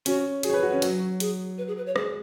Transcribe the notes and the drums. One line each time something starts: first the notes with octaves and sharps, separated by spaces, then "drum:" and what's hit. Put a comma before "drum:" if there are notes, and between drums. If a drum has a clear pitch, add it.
C#4 F#4, drum: hi-hat
F#4 G#4, drum: hi-hat
C#5
B4
F#4
C#4
F#3 F#4, drum: hi-hat
G#4, drum: hi-hat
B4
G#4
B4
C#5
G#3 G#4, drum: rim click